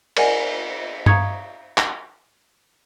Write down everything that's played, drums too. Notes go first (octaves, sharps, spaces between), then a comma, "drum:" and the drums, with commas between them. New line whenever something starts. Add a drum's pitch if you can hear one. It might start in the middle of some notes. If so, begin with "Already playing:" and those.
A#4 D5 D#5 F#5 G#5, drum: cymbal
F5 A#5 C#6 D#6 G#6 C#7, drum: tom G2
drum: clap